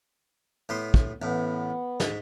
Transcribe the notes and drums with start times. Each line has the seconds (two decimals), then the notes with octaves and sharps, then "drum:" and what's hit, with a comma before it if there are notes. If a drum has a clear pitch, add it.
0.69 A2 B3 C6
0.94 drum: kick
1.22 A1 A2 B3
2.00 G#2, drum: snare